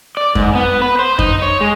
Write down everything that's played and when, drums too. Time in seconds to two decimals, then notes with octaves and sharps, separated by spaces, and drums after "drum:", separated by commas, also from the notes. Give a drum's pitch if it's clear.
0.17 D5
0.35 G#2, drum: kick F2
0.55 B3
0.82 B4
0.99 C5
1.19 D#4, drum: kick F2
1.42 C#5
1.61 G#3